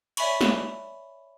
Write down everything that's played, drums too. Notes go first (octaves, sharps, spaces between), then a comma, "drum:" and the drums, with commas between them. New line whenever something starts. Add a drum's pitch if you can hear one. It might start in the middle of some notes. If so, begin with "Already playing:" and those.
C#5 D5 E5 G#5 B5 C#6, drum: cymbal
drum: snare